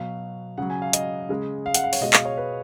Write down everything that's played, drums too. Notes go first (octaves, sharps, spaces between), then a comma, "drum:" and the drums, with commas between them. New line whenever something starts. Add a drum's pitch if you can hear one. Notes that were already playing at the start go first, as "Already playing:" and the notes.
Already playing: B2 F#3 F5
C#3 F#3 F#5
G#5
F5
D#5, drum: hi-hat
C#3 G#3
F5
F#5, drum: hi-hat
F5
C#5, drum: open hi-hat
B2 G#3 D#5
F5, drum: clap
C#5
B4